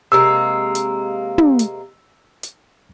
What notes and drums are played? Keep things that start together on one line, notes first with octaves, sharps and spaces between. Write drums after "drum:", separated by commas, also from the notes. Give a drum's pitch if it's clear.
C3 G#3 A#3 E6
drum: hi-hat
drum: tom
drum: hi-hat
drum: hi-hat